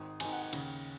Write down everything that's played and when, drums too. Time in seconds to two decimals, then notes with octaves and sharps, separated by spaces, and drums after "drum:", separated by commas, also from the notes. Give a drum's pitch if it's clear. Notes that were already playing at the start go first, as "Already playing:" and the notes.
Already playing: G#1 G#2 D#3 D#6
0.20 G#1 G#2 D#3 G#5, drum: cymbal
0.32 F#5
0.42 F#5
0.53 D#2 C#3, drum: cymbal